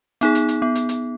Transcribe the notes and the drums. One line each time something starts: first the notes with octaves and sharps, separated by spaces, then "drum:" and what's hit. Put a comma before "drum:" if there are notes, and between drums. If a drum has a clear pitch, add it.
B3 D#4 G#4, drum: hi-hat
drum: hi-hat
drum: hi-hat
B3
drum: hi-hat
drum: hi-hat